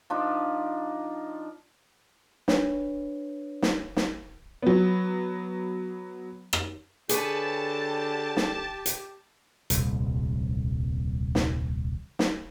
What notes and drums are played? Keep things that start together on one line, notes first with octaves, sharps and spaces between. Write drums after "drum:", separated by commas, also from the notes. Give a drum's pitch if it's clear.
F3 D4 D#4
D4 B4 C#5, drum: snare
drum: snare
drum: snare
F#3 B3
drum: rim click
D3 G4 G#4 B4 C#5 A5, drum: hi-hat
drum: snare
drum: hi-hat
D#1 C2, drum: hi-hat
drum: snare
drum: snare